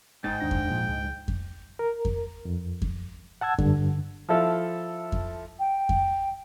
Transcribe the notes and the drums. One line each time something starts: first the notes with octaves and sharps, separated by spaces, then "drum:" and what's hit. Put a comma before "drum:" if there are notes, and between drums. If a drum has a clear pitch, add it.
G1 G#2 G5 A6
D#2 D4 A#6
drum: kick F2
A#2 F3
C#2
drum: kick F2
A#4
drum: kick F2
F2
drum: kick F2
F#5 A5 E6 G#6
G2 D3, drum: kick F2
F3 E4 A4 E5 F5
drum: kick F2
G5
drum: kick F2